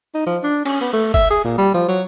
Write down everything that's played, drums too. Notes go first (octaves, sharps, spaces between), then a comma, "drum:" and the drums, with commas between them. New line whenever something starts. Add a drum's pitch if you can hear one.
D#4
F3
D4
C#4, drum: cymbal
B3
A3
E5, drum: kick F#1
G#4
A#2
G3
F3
F#3